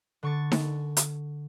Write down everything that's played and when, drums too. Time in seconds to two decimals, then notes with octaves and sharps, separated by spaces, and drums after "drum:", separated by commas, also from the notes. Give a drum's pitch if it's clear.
0.23 D3 C#6 A6
0.52 drum: snare D#4
0.97 drum: hi-hat